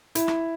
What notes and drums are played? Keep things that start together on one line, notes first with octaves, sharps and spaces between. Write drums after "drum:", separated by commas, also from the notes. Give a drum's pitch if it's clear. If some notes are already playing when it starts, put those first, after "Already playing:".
E4, drum: hi-hat
drum: rim click